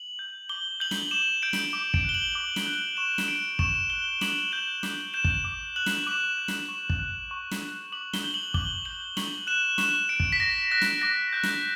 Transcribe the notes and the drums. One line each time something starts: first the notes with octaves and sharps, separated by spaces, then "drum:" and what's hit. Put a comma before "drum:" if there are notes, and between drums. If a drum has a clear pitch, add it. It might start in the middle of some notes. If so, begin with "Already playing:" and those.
Already playing: F#7
G6
D6 G7
G6 F#7
drum: snare
D6 E7
G6 D7
drum: snare
D6
D7, drum: kick
F#6 G7
F#7
D6
drum: snare
F#6
C#6 E7
drum: snare
F#6 D7
C#6 E7, drum: kick
F#6 G7
D6 F#7, drum: snare
G6 E7
D6, drum: snare
G6 E7
drum: kick
D6
F#6 F#7
drum: snare
D6 E7
F#6
drum: snare
C#6
drum: kick
F#6
C#6
drum: snare
F#6
D6 F#7
G7, drum: snare
G6
F#7
D6 G7, drum: kick
G6 F#7
C#6 F#7, drum: snare
F#6 E7
C#6 E7, drum: snare
F#6 D7
drum: kick
B6
D6 A#6
F#6 A#6
drum: snare
D6 A#6
F#6 G6
drum: snare